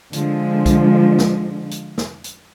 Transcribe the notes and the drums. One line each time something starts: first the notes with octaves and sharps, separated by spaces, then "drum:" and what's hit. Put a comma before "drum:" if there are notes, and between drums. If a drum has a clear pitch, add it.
D3 F3 G#3, drum: hi-hat
drum: kick, hi-hat
drum: snare
drum: hi-hat
drum: snare
drum: hi-hat